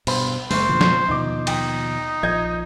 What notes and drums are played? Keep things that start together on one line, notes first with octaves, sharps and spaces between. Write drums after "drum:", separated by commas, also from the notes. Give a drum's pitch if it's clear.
G2 B2 C5 B5 C6, drum: cymbal
F#1 G#3 C5 C#6, drum: open hi-hat
B2 D3 F3
drum: snare
D#2 B2 F3 D#4 D6
D#4 G5, drum: cymbal
A#1 F3 D#5 G6 G#6